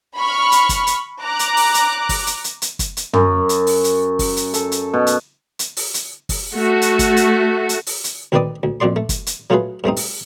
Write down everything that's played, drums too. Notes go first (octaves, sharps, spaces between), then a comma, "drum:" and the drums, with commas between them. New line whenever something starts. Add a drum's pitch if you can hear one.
B5 C#6 F6
drum: hi-hat
drum: kick, hi-hat
drum: hi-hat
A#5 D6 F#6
drum: hi-hat
drum: open hi-hat
drum: hi-hat
drum: kick, open hi-hat
drum: hi-hat
drum: hi-hat
drum: hi-hat
drum: kick, hi-hat
drum: hi-hat
F#2, drum: tom
drum: hi-hat
drum: open hi-hat
drum: hi-hat
drum: kick, open hi-hat
drum: hi-hat
A4, drum: hi-hat
drum: hi-hat
B2
drum: hi-hat
drum: hi-hat
drum: open hi-hat
drum: hi-hat
drum: kick, open hi-hat
A3 F#4
drum: hi-hat
drum: kick, hi-hat
drum: hi-hat
drum: hi-hat
drum: open hi-hat
drum: hi-hat
D2 D#3 C4 B4 D5 D#6
D2
F2 A#2 F#4 D5 C6
A3
drum: kick, hi-hat
drum: hi-hat
F#3 A3 F4 F#4 G#4 B4
G2 A3 C4 D#4
drum: open hi-hat